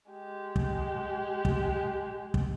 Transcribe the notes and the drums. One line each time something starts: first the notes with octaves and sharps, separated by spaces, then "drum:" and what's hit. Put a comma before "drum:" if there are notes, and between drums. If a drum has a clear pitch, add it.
G#3 G4
drum: kick
drum: kick
drum: kick